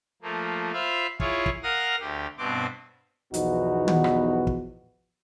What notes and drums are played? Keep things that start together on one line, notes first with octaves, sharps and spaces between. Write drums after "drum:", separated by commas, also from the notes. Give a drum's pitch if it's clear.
F3 A3 A#3
F4 C5 E5 F5 B5 F6
E4 F4 G#4 C#5 F5, drum: kick
drum: kick
A#4 F5 F#5 D#6 F6 A#6
D2 G4
G2 B2 B3 C4 C5 D6
B1 E2 F3 B3 D#4 F#4, drum: hi-hat
drum: tom
drum: rim click
drum: kick